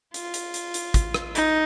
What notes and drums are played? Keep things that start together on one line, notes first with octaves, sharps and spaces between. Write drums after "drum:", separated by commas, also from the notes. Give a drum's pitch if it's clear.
F4, drum: hi-hat
drum: hi-hat
drum: hi-hat
drum: hi-hat
drum: kick, hi-hat
drum: rim click
D#4, drum: hi-hat